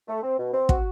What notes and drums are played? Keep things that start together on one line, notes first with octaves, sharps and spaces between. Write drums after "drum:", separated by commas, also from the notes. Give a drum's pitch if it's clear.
A3
C4
B2
C4
F#4, drum: kick